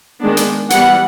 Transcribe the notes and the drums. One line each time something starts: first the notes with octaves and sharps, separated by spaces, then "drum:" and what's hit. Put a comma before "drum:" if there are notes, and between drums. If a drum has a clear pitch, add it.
D#3 G#3 B3 D4
drum: hi-hat
E3 G3 B3 F#5, drum: hi-hat